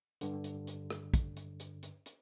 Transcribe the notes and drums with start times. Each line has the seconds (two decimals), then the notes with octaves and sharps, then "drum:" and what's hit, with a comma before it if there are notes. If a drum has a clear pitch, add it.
0.21 G2 D3, drum: hi-hat
0.44 drum: hi-hat
0.67 drum: hi-hat
0.90 drum: rim click
1.14 drum: kick, hi-hat
1.37 drum: hi-hat
1.60 drum: hi-hat
1.83 drum: hi-hat
2.06 drum: hi-hat